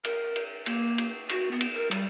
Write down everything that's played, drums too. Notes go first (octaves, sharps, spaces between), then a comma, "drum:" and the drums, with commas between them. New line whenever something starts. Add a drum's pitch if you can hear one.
A#4, drum: cymbal
drum: cymbal
A#3, drum: cymbal
drum: cymbal
F#4, drum: cymbal
B3
drum: cymbal
A#4
G3, drum: cymbal